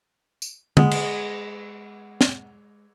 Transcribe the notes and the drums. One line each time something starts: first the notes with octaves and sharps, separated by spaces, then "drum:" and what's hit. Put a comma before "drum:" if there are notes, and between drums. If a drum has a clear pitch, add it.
drum: tambourine
G#3 B3, drum: tom
drum: cymbal
drum: snare